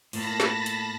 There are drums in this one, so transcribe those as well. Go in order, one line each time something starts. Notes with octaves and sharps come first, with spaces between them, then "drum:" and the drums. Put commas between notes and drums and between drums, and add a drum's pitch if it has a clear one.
A2 A#3 A5 B5 A#6, drum: open hi-hat
drum: snare
drum: hi-hat